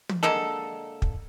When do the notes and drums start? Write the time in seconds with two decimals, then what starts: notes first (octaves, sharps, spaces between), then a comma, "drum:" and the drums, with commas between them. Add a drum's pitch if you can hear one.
0.09 drum: tom
0.23 D3 G#3 A#3 A4
1.02 drum: kick